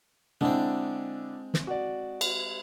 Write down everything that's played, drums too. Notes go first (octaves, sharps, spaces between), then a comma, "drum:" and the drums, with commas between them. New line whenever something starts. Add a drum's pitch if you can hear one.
D3 G#3 C4 D4 E4
drum: snare
F#4 D5
drum: cymbal